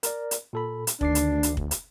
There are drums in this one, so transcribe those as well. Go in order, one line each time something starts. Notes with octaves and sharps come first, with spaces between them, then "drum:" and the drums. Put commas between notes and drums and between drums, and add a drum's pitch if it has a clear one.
A#4 D5, drum: hi-hat
drum: hi-hat
A#2 A4 B5
drum: hi-hat
D2 D#3 D4 D6 C7, drum: kick
drum: hi-hat
drum: hi-hat
drum: kick
drum: hi-hat